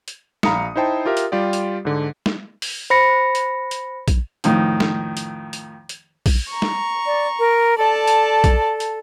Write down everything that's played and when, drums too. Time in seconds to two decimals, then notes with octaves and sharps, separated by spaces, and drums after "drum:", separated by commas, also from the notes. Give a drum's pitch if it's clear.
0.08 drum: hi-hat
0.43 A#1 F5 A#5 B5 D#6 C#7, drum: snare
0.76 D#4 E4 C5 G5 A5
1.06 F4 G4 A#4 E5
1.17 drum: hi-hat
1.32 G3 F4 G4 D5
1.53 drum: hi-hat
1.85 G#2 D3
2.26 drum: snare
2.62 drum: open hi-hat
2.90 C5 B5 A#6 C#7
3.35 drum: hi-hat
3.71 drum: hi-hat
4.08 drum: kick, hi-hat
4.44 F2 A2 D#3, drum: hi-hat
4.80 drum: snare
5.17 drum: hi-hat
5.53 drum: hi-hat
5.89 drum: hi-hat
6.26 drum: kick, open hi-hat
6.49 A#5 C#6
6.62 drum: snare
7.06 D5
7.39 A#4
7.78 A4 D5 A5
8.08 drum: hi-hat
8.44 drum: kick, hi-hat
8.80 drum: hi-hat